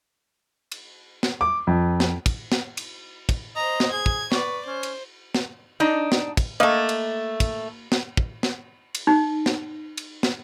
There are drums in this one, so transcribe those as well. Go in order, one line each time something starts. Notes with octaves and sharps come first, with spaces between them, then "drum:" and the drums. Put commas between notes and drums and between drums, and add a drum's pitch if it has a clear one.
drum: cymbal
drum: snare
D6
F2
drum: snare
drum: kick, cymbal
drum: snare
drum: cymbal
drum: kick, cymbal
C5 D#5 A#5
drum: snare
G#4 G#6
drum: kick
B4 D5 C#6, drum: snare
C#4 C5
drum: cymbal
drum: snare
D4 D#4 D#5
drum: snare
drum: kick, cymbal
A3 A#3 D#5
drum: cymbal
drum: kick, cymbal
drum: snare
drum: kick
drum: snare
drum: cymbal
D#4
drum: snare
drum: cymbal
drum: snare